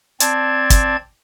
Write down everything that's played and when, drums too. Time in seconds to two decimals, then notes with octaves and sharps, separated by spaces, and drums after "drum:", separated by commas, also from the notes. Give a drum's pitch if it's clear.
0.20 C4 D5 A5 G#6, drum: hi-hat
0.70 drum: kick, hi-hat